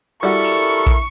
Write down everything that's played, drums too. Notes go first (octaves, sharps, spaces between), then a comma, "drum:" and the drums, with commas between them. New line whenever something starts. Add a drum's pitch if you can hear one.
G3 E4 F#4 A4 A#4 C#6
drum: open hi-hat
drum: kick A#1, hi-hat